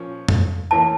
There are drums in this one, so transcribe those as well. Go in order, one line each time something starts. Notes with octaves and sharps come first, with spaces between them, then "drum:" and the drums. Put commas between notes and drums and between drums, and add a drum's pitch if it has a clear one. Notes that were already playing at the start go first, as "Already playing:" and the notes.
Already playing: A#2 F3 C#4
drum: tom F2
A2 E3 A#3 A5